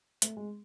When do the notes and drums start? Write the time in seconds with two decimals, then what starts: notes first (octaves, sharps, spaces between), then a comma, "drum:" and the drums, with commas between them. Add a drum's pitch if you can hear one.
0.22 A3, drum: hi-hat
0.37 G#3